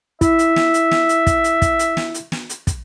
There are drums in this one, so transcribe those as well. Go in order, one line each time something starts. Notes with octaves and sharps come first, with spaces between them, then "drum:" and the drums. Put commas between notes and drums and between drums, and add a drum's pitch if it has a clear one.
E4 E5, drum: kick, hi-hat
drum: hi-hat
drum: snare
drum: hi-hat
drum: snare
drum: hi-hat
drum: kick, hi-hat
drum: hi-hat
drum: kick, hi-hat
drum: hi-hat
drum: snare
drum: hi-hat
drum: snare
drum: hi-hat
drum: kick, hi-hat